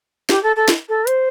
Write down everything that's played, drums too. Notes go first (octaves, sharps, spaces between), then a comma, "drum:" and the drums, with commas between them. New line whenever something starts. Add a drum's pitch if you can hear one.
G4, drum: snare
A4
A4
drum: snare
A4
C5, drum: hi-hat